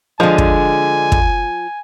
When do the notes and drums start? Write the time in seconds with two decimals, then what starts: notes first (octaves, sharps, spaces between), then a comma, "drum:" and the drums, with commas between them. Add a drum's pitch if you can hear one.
0.20 D3 F3 G#3 G#5
0.38 drum: kick
1.12 drum: kick